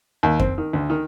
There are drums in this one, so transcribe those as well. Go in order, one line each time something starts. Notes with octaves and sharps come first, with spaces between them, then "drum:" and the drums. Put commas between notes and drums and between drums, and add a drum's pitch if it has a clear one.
D#2
C4, drum: kick F2
D#3
D2
D#3